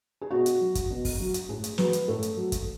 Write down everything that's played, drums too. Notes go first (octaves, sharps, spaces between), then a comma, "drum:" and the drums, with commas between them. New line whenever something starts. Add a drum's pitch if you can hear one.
G#4
B2 F#4
drum: hi-hat
F#3
drum: kick, hi-hat
B2
drum: kick, open hi-hat
F#3
drum: hi-hat
A2 G#4
drum: hi-hat
F#3 B4, drum: snare
drum: hi-hat
A2 A4
drum: hi-hat
F#3
drum: kick, hi-hat